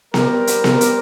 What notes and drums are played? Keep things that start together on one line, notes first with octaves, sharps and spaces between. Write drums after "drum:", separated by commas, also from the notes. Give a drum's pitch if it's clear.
G3 C4 G4 A#4, drum: snare B3
drum: hi-hat
drum: snare B3
drum: hi-hat